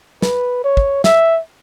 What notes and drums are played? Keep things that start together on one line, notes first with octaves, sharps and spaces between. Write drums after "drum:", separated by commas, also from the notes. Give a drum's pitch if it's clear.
B4, drum: snare
C#5
drum: kick
E5, drum: snare